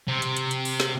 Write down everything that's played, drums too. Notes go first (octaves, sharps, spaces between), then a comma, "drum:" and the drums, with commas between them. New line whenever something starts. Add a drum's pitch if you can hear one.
C3
drum: hi-hat
drum: hi-hat
drum: hi-hat
drum: open hi-hat
drum: snare